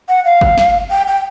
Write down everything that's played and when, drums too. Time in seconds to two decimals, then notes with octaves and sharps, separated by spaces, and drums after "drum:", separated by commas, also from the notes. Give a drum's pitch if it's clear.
0.08 F#5
0.25 F5
0.41 drum: kick G1
0.58 drum: snare
0.90 G5
1.07 G5